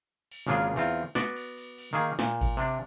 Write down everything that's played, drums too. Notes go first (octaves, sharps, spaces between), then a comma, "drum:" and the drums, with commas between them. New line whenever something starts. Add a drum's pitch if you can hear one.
drum: cymbal
G#1 C#3 A#3 D4 F4 G#4
E2 C4 F4, drum: cymbal
B3 F#4 D5, drum: snare
drum: cymbal
drum: cymbal
drum: cymbal
D#3 A#3 G#4
A#2, drum: snare
drum: kick G#1, cymbal
C3 D4